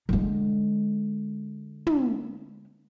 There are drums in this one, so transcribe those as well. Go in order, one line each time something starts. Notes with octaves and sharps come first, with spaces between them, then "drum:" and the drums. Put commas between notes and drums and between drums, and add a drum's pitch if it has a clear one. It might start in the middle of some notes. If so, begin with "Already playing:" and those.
D3 G#3
drum: tom